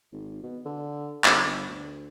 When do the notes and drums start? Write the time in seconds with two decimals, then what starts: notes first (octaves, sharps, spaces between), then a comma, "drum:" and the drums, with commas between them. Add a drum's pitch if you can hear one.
0.13 G#1
0.43 B2
0.65 D3
1.24 G1, drum: clap
1.45 G1
1.69 D2